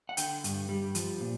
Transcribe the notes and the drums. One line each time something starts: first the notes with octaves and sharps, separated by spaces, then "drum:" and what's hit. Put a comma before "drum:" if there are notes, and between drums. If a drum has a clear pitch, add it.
F#5
D3 G5, drum: hi-hat
G2, drum: hi-hat
G3
F3, drum: hi-hat
A#2